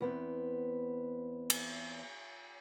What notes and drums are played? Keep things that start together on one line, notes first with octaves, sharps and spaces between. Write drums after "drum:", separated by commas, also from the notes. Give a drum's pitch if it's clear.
E2 B3 C4
drum: cymbal